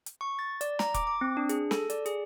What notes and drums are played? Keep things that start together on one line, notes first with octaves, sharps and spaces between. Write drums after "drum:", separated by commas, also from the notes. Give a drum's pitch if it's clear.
drum: hi-hat
C#6
A6
D5, drum: hi-hat
A#5, drum: snare
D6, drum: kick E1, hi-hat
D6
C4
D4
G#4, drum: hi-hat
A4, drum: snare
D5, drum: hi-hat
G#4, drum: hi-hat